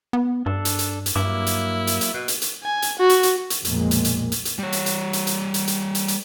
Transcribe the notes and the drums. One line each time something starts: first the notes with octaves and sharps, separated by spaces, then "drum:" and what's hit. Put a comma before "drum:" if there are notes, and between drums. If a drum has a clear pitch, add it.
B3
G2 D4 A4
drum: hi-hat
drum: hi-hat
drum: hi-hat
G2 F#3 A#3 E4 D6
drum: hi-hat
drum: hi-hat
drum: hi-hat
B2 B4
drum: hi-hat
drum: hi-hat
G#5
drum: hi-hat
F#4
drum: hi-hat
drum: hi-hat
drum: hi-hat
B1 F2 A#2 G#3 A#3, drum: hi-hat
drum: hi-hat
drum: hi-hat
drum: hi-hat
drum: hi-hat
G3 C#5
drum: hi-hat
drum: hi-hat
drum: hi-hat
drum: hi-hat
drum: hi-hat
drum: hi-hat
drum: hi-hat
drum: hi-hat